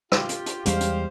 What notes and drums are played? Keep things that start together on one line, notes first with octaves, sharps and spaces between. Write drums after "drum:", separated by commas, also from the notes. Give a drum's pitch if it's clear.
F4 G4, drum: rim click
drum: hi-hat
drum: hi-hat
E2 G3 G#3 G4 C5 F5, drum: hi-hat
drum: hi-hat